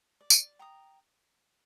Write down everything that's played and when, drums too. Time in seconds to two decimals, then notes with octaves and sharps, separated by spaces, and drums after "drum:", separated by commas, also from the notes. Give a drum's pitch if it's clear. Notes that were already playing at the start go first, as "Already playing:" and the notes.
0.21 D5
0.30 drum: tambourine
0.59 G5 A#5 D#6